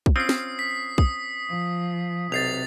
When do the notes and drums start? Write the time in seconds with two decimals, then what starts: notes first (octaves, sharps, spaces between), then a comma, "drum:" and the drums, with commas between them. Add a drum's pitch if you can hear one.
0.06 drum: kick
0.16 C4 C#4 F4 D#6 C7
0.29 drum: snare
0.59 B6
0.98 D#6, drum: kick
1.49 F3
2.32 B1 C3 A6 C7 F7